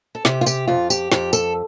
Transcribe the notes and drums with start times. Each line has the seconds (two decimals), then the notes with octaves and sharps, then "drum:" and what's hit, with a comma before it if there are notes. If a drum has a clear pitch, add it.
0.15 A4
0.25 C3 G4, drum: snare
0.41 F4
0.46 G4, drum: tambourine
0.67 F2 F4
0.90 G4, drum: tambourine
1.12 F2 G4, drum: snare
1.33 A4, drum: tambourine